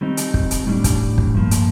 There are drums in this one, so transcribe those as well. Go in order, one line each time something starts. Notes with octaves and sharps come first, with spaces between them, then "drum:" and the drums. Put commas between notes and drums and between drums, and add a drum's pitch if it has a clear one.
D#3 G3 C4 D#4
drum: hi-hat
drum: kick
drum: hi-hat
A2 G3 D4
drum: kick, hi-hat
drum: kick
G2 F3 A#3
drum: hi-hat